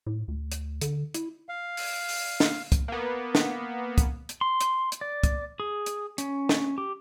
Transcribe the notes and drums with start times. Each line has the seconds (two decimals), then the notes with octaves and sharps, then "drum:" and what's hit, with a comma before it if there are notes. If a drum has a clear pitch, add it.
0.06 A2
0.28 D2
0.52 drum: hi-hat
0.81 D3, drum: hi-hat
1.14 E4, drum: hi-hat
1.49 F5
1.77 drum: open hi-hat
2.09 drum: open hi-hat
2.40 drum: snare
2.72 drum: kick, hi-hat
2.88 A#3 B3
3.35 drum: snare
3.98 drum: kick, hi-hat
4.29 drum: hi-hat
4.41 C6
4.61 drum: hi-hat
4.92 drum: hi-hat
5.01 D5
5.23 drum: kick, hi-hat
5.60 G#4
5.86 drum: hi-hat
6.18 C#4, drum: hi-hat
6.49 drum: snare
6.78 G4